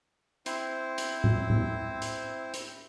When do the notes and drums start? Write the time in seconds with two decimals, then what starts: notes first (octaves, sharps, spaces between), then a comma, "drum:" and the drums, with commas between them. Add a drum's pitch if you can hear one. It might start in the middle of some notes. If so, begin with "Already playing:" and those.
0.46 C4 E4 C5, drum: hi-hat
0.98 drum: hi-hat
1.24 drum: tom A2
1.50 drum: tom A2
2.02 drum: hi-hat
2.54 drum: hi-hat